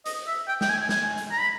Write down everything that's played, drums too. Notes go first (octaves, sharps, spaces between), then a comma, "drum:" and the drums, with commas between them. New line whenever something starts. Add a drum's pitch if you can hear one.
D#5, drum: hi-hat
E5
G5
G5, drum: snare
G#5
G#5, drum: snare
drum: hi-hat
A#5
B5